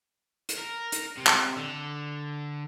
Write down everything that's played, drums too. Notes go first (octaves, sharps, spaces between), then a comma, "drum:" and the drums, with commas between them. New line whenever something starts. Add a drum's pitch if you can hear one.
drum: hi-hat
A#4
drum: hi-hat
C3
drum: clap
D3